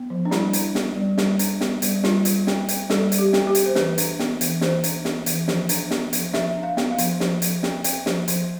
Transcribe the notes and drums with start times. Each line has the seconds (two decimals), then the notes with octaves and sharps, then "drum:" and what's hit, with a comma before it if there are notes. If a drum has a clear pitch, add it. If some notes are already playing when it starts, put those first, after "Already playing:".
Already playing: B3
0.10 F3
0.25 D4
0.31 G3 E4, drum: snare
0.53 D4, drum: hi-hat
0.75 B3, drum: snare
0.96 G3
1.18 G3, drum: snare
1.39 D4, drum: hi-hat
1.61 B3, drum: snare
1.82 G3, drum: hi-hat
2.04 G3 F4, drum: snare
2.25 G3, drum: hi-hat
2.47 C4, drum: snare
2.69 C4, drum: hi-hat
2.90 G3 A4, drum: snare
3.12 G3, drum: hi-hat
3.18 G4
3.33 C4, drum: snare
3.47 G4
3.55 C4, drum: hi-hat
3.66 C5
3.75 E3 B4, drum: snare
3.98 D4, drum: hi-hat
4.20 B3, drum: snare
4.41 E3, drum: hi-hat
4.61 E3 C5, drum: snare
4.84 D4, drum: hi-hat
5.05 B3, drum: snare
5.26 E3, drum: hi-hat
5.48 F3, drum: snare
5.69 D4, drum: hi-hat
5.91 B3, drum: snare
6.13 F3, drum: hi-hat
6.34 F3 E5, drum: snare
6.56 D4
6.63 F5
6.77 B3, drum: snare
6.91 F5
6.98 F3, drum: hi-hat
7.20 F3, drum: snare
7.42 F3, drum: hi-hat
7.63 C4, drum: snare
7.84 C4, drum: hi-hat
8.06 F3, drum: snare
8.28 F3, drum: hi-hat